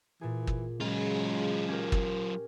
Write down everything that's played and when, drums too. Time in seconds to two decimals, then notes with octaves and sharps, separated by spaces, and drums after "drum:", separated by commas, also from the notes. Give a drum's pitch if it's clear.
0.21 A#2 E3 G#4
0.47 drum: kick
0.80 C#3 F#3 G#3 F4
1.68 C#4 G4 A#4
1.92 drum: kick